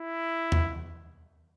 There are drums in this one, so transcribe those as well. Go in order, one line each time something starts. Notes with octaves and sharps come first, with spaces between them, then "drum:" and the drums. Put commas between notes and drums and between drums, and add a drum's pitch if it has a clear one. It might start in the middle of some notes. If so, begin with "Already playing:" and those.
Already playing: E4
drum: tom E2